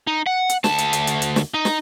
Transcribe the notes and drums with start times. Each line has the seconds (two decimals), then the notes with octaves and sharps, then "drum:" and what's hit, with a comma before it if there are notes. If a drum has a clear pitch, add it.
0.07 D#4
0.27 F#5
0.50 drum: hi-hat
0.64 D2 A5, drum: snare
0.78 drum: hi-hat
0.93 drum: hi-hat
1.07 drum: hi-hat
1.22 drum: hi-hat
1.36 drum: snare
1.54 D#4
1.65 drum: snare